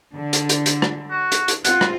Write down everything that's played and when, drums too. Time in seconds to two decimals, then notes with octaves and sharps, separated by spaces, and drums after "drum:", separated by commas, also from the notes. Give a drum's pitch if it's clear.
0.14 D3
0.33 drum: hi-hat
0.49 drum: hi-hat
0.66 drum: hi-hat
0.82 drum: rim click
1.11 F#4
1.32 drum: hi-hat
1.48 drum: hi-hat
1.65 C4 F4 F#5, drum: hi-hat
1.81 drum: rim click